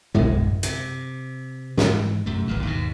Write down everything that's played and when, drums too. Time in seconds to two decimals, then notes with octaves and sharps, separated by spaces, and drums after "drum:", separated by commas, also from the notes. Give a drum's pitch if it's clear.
0.15 D#1 B1 G#3, drum: tom
0.63 C3, drum: hi-hat
1.77 G#2 E3, drum: snare
2.26 F#2 C3 A3
2.47 D1 A1 A#2
2.63 D#2 G#2 B2